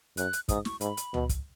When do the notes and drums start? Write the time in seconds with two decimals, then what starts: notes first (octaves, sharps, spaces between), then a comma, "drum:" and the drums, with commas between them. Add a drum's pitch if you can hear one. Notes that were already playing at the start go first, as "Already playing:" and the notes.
0.17 F#2 F#6, drum: hi-hat
0.33 drum: hi-hat
0.48 G#2 D#6, drum: kick, hi-hat
0.65 C#6, drum: snare
0.81 G#2 B5, drum: hi-hat
0.97 drum: hi-hat
1.14 B2, drum: tom C#2
1.29 drum: kick, hi-hat